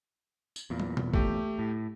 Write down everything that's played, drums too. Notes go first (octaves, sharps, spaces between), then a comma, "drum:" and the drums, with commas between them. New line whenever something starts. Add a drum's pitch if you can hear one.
drum: tambourine
E2 A#2
drum: tom
drum: tom
A3 G4, drum: kick
A2